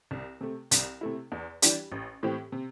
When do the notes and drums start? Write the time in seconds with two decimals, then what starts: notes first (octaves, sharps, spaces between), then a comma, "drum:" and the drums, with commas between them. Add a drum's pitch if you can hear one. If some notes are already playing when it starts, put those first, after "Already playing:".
0.11 C2
0.41 C3 A3
0.71 C2, drum: hi-hat
1.01 C3 A3 E4
1.32 E2
1.62 E3 G3 D4 G4, drum: hi-hat
1.92 A1
2.23 A2 E3 C4 G4
2.52 C3